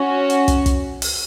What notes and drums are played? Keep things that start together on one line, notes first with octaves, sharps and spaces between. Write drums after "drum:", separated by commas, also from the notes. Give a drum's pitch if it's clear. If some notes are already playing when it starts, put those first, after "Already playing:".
Already playing: C#4 F#4
drum: hi-hat
drum: kick, hi-hat
drum: kick, hi-hat
drum: open hi-hat